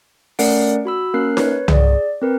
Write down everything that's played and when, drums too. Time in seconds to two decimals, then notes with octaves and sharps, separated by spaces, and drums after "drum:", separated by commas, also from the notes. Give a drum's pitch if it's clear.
0.39 A3 C#4 A#4 D5 F#5 D7, drum: open hi-hat
0.85 F#4 B5 E6
1.14 A#3 C#4 A#4 F#6 C7
1.37 B4 C#5, drum: snare D#4
1.68 G#4 D5, drum: tom C2
2.22 C4 A#4 B4